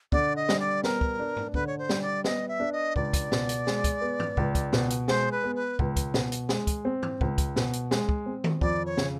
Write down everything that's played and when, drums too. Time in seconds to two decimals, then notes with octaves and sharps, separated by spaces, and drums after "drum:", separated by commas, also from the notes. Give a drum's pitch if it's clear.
0.12 D3 D5, drum: kick
0.36 D#5
0.49 G3, drum: snare
0.60 D5
0.84 B3 A#4, drum: snare
1.01 drum: kick
1.19 D4
1.37 drum: tom
1.54 D3 B4, drum: kick
1.67 C#5
1.78 C5
1.89 G3, drum: snare
2.02 D5
2.24 B3 D#5, drum: snare
2.48 E5
2.60 D4
2.73 D#5
2.96 C#2 D5, drum: kick
3.13 drum: kick, hi-hat
3.32 B2, drum: snare
3.49 drum: hi-hat
3.67 G#3, drum: snare
3.84 drum: kick, hi-hat
4.01 B3
4.20 drum: tom G#2
4.37 C#2, drum: kick
4.55 drum: kick, hi-hat
4.73 B2, drum: snare
4.90 drum: hi-hat
5.08 G#3 C5, drum: snare
5.32 B4
5.44 B3
5.56 B4
5.79 C#2, drum: kick
5.96 drum: kick, hi-hat
6.14 B2, drum: snare
6.32 drum: hi-hat
6.49 G#3, drum: snare
6.67 drum: kick, hi-hat
6.85 C4
7.03 drum: tom G#2
7.21 C#2, drum: kick
7.38 drum: kick, hi-hat
7.56 B2, drum: snare
7.73 drum: hi-hat
7.91 G#3, drum: snare
8.09 drum: kick
8.26 C4
8.44 drum: tom D#3
8.61 F2 D5, drum: kick
8.86 C#5
8.97 C#3, drum: snare